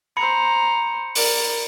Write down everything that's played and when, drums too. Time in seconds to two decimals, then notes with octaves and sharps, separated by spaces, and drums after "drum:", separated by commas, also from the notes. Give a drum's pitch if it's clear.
0.17 C5 A#5 B5 C#7
1.15 A#4 D5, drum: open hi-hat